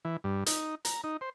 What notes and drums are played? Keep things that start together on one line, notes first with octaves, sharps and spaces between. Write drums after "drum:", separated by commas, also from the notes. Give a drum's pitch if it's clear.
E3
G2
D#4, drum: hi-hat
A#5, drum: hi-hat
D#4
C5